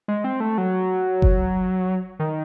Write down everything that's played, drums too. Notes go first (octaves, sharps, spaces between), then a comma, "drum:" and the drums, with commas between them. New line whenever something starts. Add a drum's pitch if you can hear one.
G#3
C4
A3
F#3
drum: kick F#1
D#3